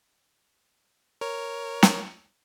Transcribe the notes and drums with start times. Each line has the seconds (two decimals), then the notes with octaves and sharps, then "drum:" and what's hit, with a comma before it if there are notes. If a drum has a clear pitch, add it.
1.21 A#4 C#5
1.83 drum: snare